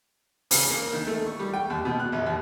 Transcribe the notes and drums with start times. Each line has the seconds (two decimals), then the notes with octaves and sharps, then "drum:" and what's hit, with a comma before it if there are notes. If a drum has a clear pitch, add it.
0.51 C#3, drum: open hi-hat
0.70 A#3
0.93 D#3
1.07 A3
1.26 C#6
1.39 G3
1.54 G5
1.70 D#2
1.85 B2
2.00 F#6
2.12 A#1
2.26 D#2